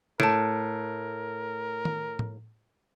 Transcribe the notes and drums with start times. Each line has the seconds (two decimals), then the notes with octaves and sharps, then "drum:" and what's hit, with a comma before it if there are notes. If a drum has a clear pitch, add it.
0.20 A2 A#4 A5 D7, drum: snare
1.85 drum: tom D#3
2.19 drum: tom A2